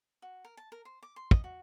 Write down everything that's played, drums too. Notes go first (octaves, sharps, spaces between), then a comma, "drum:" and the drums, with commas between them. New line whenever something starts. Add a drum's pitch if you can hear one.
F#4
A#4
A5
A#4
C5
D6
C6
D#5, drum: kick
F#4